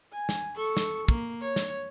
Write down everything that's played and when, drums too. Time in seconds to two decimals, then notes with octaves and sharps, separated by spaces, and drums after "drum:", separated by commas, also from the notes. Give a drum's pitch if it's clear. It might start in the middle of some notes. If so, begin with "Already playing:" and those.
0.13 G#5
0.29 drum: snare
0.56 A4 C#6
0.77 drum: snare
1.08 A#3, drum: kick
1.41 C#5
1.56 drum: snare